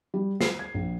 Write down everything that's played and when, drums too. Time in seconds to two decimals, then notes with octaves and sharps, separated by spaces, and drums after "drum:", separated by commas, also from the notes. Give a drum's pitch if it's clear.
0.14 G3
0.41 C7, drum: snare
0.59 G#6
0.74 A#1